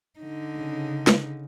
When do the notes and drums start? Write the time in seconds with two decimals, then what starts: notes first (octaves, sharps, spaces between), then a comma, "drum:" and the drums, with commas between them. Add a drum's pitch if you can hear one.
0.19 D3 D#4
0.58 C#3
1.07 drum: snare